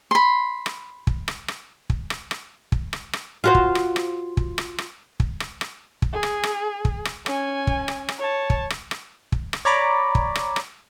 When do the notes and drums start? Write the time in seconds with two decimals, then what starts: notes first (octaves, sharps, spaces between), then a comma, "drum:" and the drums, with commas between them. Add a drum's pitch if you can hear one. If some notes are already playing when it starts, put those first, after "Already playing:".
0.11 B5 C6
0.66 drum: rim click
1.07 drum: kick
1.28 drum: rim click
1.48 drum: rim click
1.90 drum: kick
2.10 drum: rim click
2.31 drum: rim click
2.72 drum: kick
2.93 drum: rim click
3.13 drum: rim click
3.44 F4 F#4 C5
3.55 drum: kick
3.75 drum: rim click
3.96 drum: rim click
4.37 drum: kick
4.58 drum: rim click
4.78 drum: rim click
5.20 drum: kick
5.40 drum: rim click
5.61 drum: rim click
6.02 drum: kick
6.13 G#4
6.23 drum: rim click
6.43 drum: rim click
6.85 drum: kick
7.05 drum: rim click
7.26 C#4 G#5, drum: rim click
7.67 drum: kick
7.88 drum: rim click
8.09 drum: rim click
8.19 C#5 A5
8.50 drum: kick
8.70 drum: rim click
8.91 drum: rim click
9.32 drum: kick
9.53 drum: rim click
9.65 C#5 D5 A#5 B5 D6
10.15 drum: kick
10.35 drum: rim click
10.56 drum: rim click